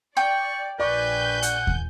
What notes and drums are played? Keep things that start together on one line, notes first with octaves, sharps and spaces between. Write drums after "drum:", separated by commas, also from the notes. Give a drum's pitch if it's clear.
D5 G5 C#6
A#1 B4 D5 G#5 C#6 G6
F#5, drum: hi-hat
drum: kick